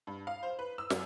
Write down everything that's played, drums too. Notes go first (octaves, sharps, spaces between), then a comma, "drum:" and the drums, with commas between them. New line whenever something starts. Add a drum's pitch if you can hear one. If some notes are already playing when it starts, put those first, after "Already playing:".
G2
F5
C5
B4
E6
F#2, drum: snare